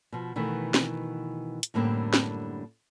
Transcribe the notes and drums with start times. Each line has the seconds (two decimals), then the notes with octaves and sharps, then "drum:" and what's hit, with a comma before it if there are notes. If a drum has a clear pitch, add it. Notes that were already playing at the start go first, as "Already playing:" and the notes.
0.12 B2 F3
0.36 B2 D#3 E3 A3
0.74 drum: snare
1.63 drum: hi-hat
1.74 F#2 A2 D3 G3 A#3 C4
2.13 drum: snare